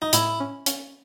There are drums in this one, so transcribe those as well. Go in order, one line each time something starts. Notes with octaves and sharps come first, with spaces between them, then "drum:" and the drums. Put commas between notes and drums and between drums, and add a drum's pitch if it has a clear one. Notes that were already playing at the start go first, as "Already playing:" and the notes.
D#4
A2 E4, drum: hi-hat
C#4
C#4, drum: hi-hat